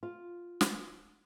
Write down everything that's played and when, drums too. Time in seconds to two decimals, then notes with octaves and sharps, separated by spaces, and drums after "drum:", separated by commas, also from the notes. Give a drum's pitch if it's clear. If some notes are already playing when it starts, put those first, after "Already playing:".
0.03 F4
0.61 drum: snare